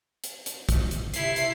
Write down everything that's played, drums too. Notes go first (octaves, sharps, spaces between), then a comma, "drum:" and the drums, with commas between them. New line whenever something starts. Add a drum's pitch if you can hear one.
drum: hi-hat
drum: hi-hat
drum: kick, hi-hat
drum: hi-hat
C3 E4 C7, drum: hi-hat
drum: hi-hat